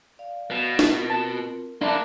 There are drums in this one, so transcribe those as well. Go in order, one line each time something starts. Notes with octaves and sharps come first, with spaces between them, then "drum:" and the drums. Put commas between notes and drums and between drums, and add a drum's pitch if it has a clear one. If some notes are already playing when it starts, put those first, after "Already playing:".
D5 F5
B2
drum: snare D4
C4 F4 A#4
A5
A#3 D4 E4